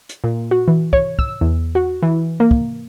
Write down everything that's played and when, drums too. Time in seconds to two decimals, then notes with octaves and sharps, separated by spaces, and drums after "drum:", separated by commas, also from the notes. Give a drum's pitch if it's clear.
0.09 drum: hi-hat
0.24 A#2
0.51 F#4
0.68 E3
0.93 C#5, drum: kick
1.19 E6, drum: kick
1.41 E2
1.75 F#4
2.03 E3
2.40 A#3
2.51 drum: kick